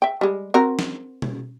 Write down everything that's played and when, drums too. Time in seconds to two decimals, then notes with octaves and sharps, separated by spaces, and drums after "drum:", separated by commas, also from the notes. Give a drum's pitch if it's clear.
0.02 E5 G5
0.21 G3 G#3
0.54 C4 F#4 A#4
0.79 drum: snare
1.22 drum: tom